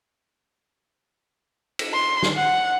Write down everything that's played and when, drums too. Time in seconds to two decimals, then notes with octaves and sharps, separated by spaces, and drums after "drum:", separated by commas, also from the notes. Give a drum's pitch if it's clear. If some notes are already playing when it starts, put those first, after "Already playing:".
1.79 drum: cymbal
1.94 C6
2.23 drum: snare
2.37 F#5